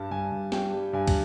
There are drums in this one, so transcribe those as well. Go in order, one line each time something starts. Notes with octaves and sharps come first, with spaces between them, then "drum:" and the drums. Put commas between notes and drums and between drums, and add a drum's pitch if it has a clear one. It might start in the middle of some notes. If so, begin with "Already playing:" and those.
Already playing: G2 G3 A5
G2 G#5
G2
G3 G5, drum: snare
G3
G2 G#5
drum: kick, cymbal